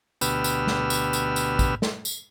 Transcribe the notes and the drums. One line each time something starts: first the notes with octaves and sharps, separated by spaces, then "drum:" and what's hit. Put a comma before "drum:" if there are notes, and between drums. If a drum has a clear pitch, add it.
D2 B2 B3 G4 E6 F6, drum: tambourine
drum: tambourine
drum: snare
drum: tambourine
drum: tambourine
drum: tambourine
drum: kick, tambourine
drum: snare
drum: tambourine